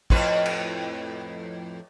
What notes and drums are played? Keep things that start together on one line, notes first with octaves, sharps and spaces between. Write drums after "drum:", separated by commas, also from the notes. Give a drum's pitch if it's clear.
F2 A2 B4, drum: kick
drum: cymbal